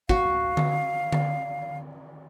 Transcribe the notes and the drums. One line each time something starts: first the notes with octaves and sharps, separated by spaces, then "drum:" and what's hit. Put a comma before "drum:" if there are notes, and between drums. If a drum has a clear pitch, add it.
F#4 F5, drum: kick
drum: tom D3
drum: tom D3